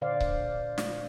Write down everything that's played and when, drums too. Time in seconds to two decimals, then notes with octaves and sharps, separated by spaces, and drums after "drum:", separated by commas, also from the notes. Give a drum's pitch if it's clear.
0.01 A#2 D3 C5 D5 F5
0.20 drum: kick C#1
0.78 drum: snare